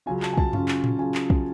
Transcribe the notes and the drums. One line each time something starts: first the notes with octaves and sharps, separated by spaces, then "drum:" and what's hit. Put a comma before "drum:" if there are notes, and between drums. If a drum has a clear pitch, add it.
C#3 F#3 C#4 F4 G#5
A5, drum: clap
G#5
A5, drum: kick
C#3 F#3 C#4 F4, drum: tom F#2
drum: clap
drum: tom A2
C#3 F#3 C#4 F4 G#5
drum: clap
drum: kick